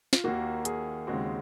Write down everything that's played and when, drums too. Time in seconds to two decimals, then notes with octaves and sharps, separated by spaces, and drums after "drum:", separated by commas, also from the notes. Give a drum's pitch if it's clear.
0.13 F4, drum: snare
0.24 D#2 D#3 A#3 F#4
0.65 G#4, drum: hi-hat
1.07 D#2 C#3 G#3 C4 F#4